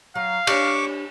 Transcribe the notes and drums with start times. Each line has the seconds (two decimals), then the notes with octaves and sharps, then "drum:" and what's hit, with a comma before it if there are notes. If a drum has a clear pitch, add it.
0.15 F#3 F5
0.47 G3 D4 C#5 C#6 D6, drum: cymbal